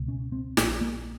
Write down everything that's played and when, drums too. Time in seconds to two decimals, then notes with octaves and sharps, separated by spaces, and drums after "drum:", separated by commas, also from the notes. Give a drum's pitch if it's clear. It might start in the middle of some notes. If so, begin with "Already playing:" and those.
Already playing: C#2 B2
0.08 C#4
0.32 C4
0.57 A#1 A#2, drum: snare
0.81 A#3